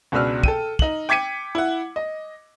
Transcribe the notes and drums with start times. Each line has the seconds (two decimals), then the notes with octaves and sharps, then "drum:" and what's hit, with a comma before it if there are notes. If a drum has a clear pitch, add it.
0.12 C#2 B2 D4 B4 E6 F6
0.43 A4 G5 D#7, drum: kick
0.79 D#4 F#7, drum: kick
1.09 G5 D6 G#6 B6 C#7 D#7
1.55 E4 F#5
1.96 D#5